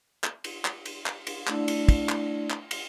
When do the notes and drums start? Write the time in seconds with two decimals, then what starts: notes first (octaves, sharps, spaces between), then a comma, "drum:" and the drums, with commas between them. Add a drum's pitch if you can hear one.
0.24 drum: clap
0.44 drum: cymbal
0.65 drum: clap
0.85 drum: cymbal
1.06 drum: clap
1.27 drum: cymbal
1.47 A3 D4 E4 D5, drum: clap
1.68 drum: cymbal
1.88 drum: kick, cymbal
2.09 drum: clap
2.50 drum: clap
2.71 drum: cymbal